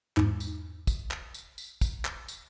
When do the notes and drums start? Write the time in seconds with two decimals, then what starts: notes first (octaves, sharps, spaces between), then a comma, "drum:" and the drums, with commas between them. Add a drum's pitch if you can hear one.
0.17 E2 G#2, drum: clap
0.40 drum: tambourine
0.87 drum: kick, tambourine
1.11 drum: clap
1.34 drum: tambourine
1.58 drum: tambourine
1.81 drum: kick, tambourine
2.05 drum: clap
2.28 drum: tambourine